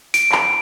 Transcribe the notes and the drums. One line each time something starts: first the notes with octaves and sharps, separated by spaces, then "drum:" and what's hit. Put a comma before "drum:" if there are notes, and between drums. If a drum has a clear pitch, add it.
D7, drum: open hi-hat
drum: clap